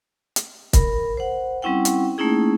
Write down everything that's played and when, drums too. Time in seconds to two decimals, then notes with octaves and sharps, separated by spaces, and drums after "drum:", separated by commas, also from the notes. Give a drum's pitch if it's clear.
0.36 drum: hi-hat
0.73 A#4 B5, drum: kick, hi-hat
1.17 C5 F#5
1.62 G3 C4 C#4 E4 F#5 G5
1.85 drum: hi-hat
2.18 A3 A#3 C#4 D#4 E4 G#4